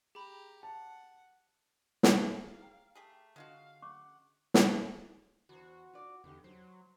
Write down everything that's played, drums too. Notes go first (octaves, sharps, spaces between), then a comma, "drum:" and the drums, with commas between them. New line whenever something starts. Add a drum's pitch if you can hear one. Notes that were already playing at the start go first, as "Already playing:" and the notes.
G4 G#4 A#5 B5
F#5 A5
drum: snare
G#4 C5 F5 A#5
G5 A#5 F6
A3 G4 G#4
D3 G#3 D4 F4 F#4 F5
C#4 F#5 C#6 D6
drum: snare
E2 F#4 C5
F4 D5
E2 D3 D#4 G4
F#3 C5